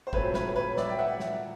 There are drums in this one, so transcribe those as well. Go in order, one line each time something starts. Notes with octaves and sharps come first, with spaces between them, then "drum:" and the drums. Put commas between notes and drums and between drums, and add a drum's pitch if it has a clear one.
C5
A#2 F#3 A3 C4 B4 C#5, drum: kick
B4 C#5, drum: snare
B4 C#5
D5 E5, drum: snare
G5
E5 F#5
drum: snare